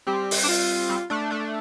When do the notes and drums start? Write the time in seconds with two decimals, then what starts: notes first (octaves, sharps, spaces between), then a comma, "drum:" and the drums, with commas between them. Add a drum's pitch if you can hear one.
0.07 G3 C4 G4
0.31 drum: open hi-hat
0.44 D4
0.48 F4
0.89 G3 C4
1.10 A3 D4
1.31 A3 D4